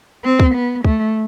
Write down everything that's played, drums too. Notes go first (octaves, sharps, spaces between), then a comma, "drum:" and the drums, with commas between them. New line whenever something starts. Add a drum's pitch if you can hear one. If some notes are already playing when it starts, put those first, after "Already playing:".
C4
drum: kick
B3
A3, drum: kick